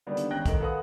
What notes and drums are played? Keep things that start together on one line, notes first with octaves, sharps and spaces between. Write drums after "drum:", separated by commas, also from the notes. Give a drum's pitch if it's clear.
D3 D#3 G3 A#3 B3 D4
drum: hi-hat
G#1 C#4 G5 F#6 A#6
G#1 A3 A#4 D#5, drum: kick, hi-hat
A4 B4 F5 F#5 C6 D#6